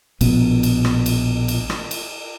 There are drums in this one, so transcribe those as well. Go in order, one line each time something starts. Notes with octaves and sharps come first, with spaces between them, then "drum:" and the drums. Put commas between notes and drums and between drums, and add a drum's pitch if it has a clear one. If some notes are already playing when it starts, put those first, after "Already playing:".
A#1 B2 B3, drum: cymbal
drum: cymbal
drum: rim click
drum: cymbal
drum: cymbal
drum: rim click
drum: cymbal